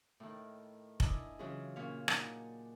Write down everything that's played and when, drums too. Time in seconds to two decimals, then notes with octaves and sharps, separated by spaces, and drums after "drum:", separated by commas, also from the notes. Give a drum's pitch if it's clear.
0.20 A2 D#3
1.00 D4 E4 D#5 G#5, drum: kick F1
1.39 C#3 E3 F#3 C#4 F4 G#4
1.76 A#2 C#4 C#5 F5
2.08 D4 D#4 F#5 G#5 A#5, drum: rim click